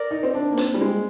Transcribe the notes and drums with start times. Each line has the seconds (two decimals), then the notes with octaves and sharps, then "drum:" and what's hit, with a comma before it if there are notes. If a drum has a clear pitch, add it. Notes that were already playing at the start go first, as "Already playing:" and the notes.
Already playing: A#4 D5
0.11 D#4
0.23 C4
0.34 D4
0.52 A#3
0.57 C4, drum: hi-hat
0.74 G3
0.81 G#3